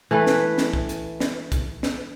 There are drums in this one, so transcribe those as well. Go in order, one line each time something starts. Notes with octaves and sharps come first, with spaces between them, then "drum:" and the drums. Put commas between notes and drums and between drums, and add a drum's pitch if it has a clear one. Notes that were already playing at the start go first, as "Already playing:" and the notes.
E3 A3 B4
drum: snare
drum: snare
drum: kick
drum: hi-hat
drum: snare
drum: kick, hi-hat
drum: snare